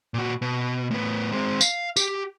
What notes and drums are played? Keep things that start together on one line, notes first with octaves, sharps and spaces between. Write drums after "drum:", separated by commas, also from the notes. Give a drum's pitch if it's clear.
A#2 F#4
B2
A2 B3
G#3 C4
F5, drum: tambourine
G4, drum: tambourine